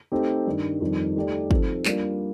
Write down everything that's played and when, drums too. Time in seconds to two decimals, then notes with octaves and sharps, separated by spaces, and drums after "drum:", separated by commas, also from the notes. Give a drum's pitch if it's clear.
0.12 A3 C4 D#4 G4
0.47 G2 D#3 G3
0.81 F2 D#3 G3
1.16 A3 D#4 G4 D5
1.51 F3 C4 D#4 A4, drum: kick
1.85 G3 A#3 D4 F4, drum: clap